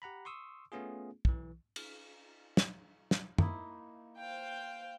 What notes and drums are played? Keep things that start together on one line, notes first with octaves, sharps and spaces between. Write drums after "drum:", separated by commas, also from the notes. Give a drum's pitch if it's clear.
G4 F#5 A#5 B5
C6 C#6 D#6 E6
A3 B3 C#4 F4 G#4
B1 E3, drum: kick
drum: cymbal
drum: snare
drum: snare
A#3 D#4 E4, drum: tom
C5 F5 G5